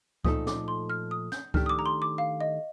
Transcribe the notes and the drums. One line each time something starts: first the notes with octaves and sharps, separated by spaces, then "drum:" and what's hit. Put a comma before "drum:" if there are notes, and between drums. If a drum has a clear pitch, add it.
A#2 F3 A3 D#4 A4 D#6, drum: kick C#2
D6, drum: snare
C6
F6
D#6
G6, drum: snare
D#3 A3 D4 G4 F6, drum: kick C#2
D#6
D6
A#5
C6
D6
F5
D#5